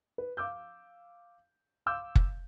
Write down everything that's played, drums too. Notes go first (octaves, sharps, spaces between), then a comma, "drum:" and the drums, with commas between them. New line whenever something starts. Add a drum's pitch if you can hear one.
B4
F5 D6 E6 G6
F5 C6 D6 E6 G6
drum: kick F#1